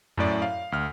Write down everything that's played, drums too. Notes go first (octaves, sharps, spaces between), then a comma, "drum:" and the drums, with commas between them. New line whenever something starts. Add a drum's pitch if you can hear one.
F#2 A2 D5, drum: tom F2
F5
D2 F6